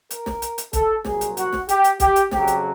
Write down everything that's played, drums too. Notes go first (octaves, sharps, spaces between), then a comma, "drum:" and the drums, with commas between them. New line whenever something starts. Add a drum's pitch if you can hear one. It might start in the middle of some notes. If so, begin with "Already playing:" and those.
A#4, drum: hi-hat
drum: snare
drum: hi-hat
drum: hi-hat
A4, drum: kick, hi-hat
C2 A#2 F#3 G#4, drum: snare
drum: hi-hat
F#4, drum: hi-hat
drum: snare
G4, drum: hi-hat
drum: hi-hat
G4, drum: kick, hi-hat
drum: hi-hat
F2 C#3 F#3 G4, drum: snare
drum: hi-hat